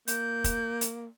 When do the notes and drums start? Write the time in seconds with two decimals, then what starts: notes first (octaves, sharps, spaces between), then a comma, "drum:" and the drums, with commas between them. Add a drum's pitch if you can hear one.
0.08 A#3 G6, drum: hi-hat
0.44 drum: kick, hi-hat
0.81 drum: hi-hat